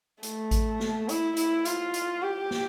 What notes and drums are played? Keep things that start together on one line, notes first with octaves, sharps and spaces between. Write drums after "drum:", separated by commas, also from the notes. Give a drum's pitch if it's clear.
A3, drum: hi-hat
drum: kick A1, hi-hat
drum: snare
E4, drum: hi-hat
E4, drum: hi-hat
F4, drum: hi-hat
drum: hi-hat
G4
drum: snare